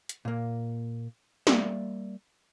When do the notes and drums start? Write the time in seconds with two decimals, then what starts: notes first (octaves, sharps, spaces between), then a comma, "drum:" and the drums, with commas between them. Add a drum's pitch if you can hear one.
0.09 drum: hi-hat
0.25 A#2 A#3
1.47 G3 A#3 D5 E5, drum: snare